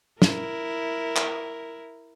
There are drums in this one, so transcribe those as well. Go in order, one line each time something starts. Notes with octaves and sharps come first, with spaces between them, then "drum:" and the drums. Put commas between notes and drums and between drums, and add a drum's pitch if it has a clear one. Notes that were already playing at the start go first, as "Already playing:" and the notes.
E4 A#4, drum: snare
drum: clap